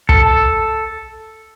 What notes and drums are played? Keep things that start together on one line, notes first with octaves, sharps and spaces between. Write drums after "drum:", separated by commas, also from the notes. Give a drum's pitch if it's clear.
A4, drum: kick